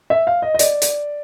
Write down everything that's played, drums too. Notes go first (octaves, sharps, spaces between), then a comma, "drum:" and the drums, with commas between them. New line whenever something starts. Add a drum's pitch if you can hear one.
E5
F5
D#5
D#5
D5, drum: hi-hat
drum: hi-hat